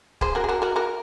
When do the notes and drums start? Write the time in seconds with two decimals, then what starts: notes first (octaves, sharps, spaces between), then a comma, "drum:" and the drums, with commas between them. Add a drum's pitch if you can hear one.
0.21 G#4 C5, drum: kick C#1
0.35 F#4 A#4
0.44 G#4
0.49 F#4 A#4
0.62 F#4 A#4
0.76 F#4 A#4